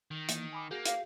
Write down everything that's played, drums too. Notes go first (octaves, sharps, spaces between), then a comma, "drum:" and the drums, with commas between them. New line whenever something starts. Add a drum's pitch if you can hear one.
D#3
E3 A#3, drum: hi-hat
G#5 B5 D6
A#3 F#4 G#4 G6
F5, drum: hi-hat